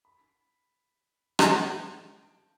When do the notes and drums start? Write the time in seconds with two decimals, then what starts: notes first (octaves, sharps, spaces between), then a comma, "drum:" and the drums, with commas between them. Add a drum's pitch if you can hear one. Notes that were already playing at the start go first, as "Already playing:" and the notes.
0.05 B5
1.39 A5, drum: rim click
1.72 G5